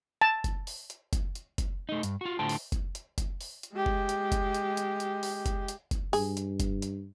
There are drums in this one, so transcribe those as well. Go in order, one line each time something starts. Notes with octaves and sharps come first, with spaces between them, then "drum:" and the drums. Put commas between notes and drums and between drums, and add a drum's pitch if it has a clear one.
A5
drum: kick F#1, hi-hat
drum: open hi-hat
drum: hi-hat
drum: kick F#1, hi-hat
drum: hi-hat
drum: kick F#1, hi-hat
A3 D#4
G2, drum: hi-hat
F4 F#4
A2 D3 F4 C5 G5 A5
drum: open hi-hat
drum: kick F#1, hi-hat
drum: hi-hat
drum: kick F#1, hi-hat
drum: open hi-hat
drum: hi-hat
G#3 G4
drum: kick F#1
drum: hi-hat
drum: kick F#1, hi-hat
drum: hi-hat
drum: hi-hat
drum: hi-hat
drum: open hi-hat
drum: kick F#1, hi-hat
drum: hi-hat
drum: kick F#1, hi-hat
G2 G#4, drum: open hi-hat
drum: hi-hat
drum: kick F#1, hi-hat
drum: hi-hat